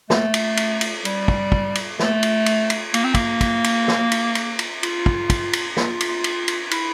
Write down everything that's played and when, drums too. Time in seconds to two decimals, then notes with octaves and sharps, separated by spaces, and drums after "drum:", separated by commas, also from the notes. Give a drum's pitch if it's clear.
0.10 A3, drum: snare
0.34 drum: cymbal
0.57 drum: cymbal
0.81 drum: cymbal
1.05 G3, drum: cymbal
1.28 drum: kick
1.52 drum: kick
1.75 drum: cymbal
1.99 A3, drum: snare
2.23 drum: cymbal
2.46 drum: cymbal
2.70 drum: cymbal
2.94 A#3, drum: cymbal
3.04 C4
3.14 A#3, drum: kick, cymbal
3.41 drum: kick, cymbal
3.64 drum: cymbal
3.88 drum: snare
4.12 drum: cymbal
4.35 drum: cymbal
4.59 drum: cymbal
4.83 F4, drum: cymbal
5.06 drum: kick
5.30 drum: kick, cymbal
5.53 drum: cymbal
5.77 F4, drum: snare
6.01 drum: cymbal
6.24 drum: cymbal
6.48 drum: cymbal
6.71 E4, drum: cymbal